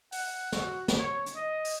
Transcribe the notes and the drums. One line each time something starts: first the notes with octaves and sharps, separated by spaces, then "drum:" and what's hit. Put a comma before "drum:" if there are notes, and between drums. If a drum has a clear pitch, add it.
F#5, drum: open hi-hat
F#4, drum: snare
drum: snare
C#5
drum: hi-hat
D#5
drum: open hi-hat